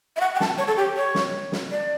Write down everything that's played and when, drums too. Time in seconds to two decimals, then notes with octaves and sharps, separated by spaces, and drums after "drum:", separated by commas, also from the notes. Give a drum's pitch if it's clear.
0.16 E5
0.21 F#5
0.35 G5
0.40 A5, drum: snare
0.58 C#5
0.67 A4
0.77 G4
0.96 C#5
1.15 drum: snare
1.52 drum: snare
1.71 D5